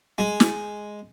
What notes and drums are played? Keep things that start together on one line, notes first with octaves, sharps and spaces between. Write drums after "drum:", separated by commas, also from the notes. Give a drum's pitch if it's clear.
G#3
drum: snare